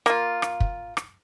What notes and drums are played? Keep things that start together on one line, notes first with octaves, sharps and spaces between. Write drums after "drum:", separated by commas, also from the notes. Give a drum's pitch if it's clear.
A#3 F4, drum: rim click
drum: rim click
drum: kick
drum: rim click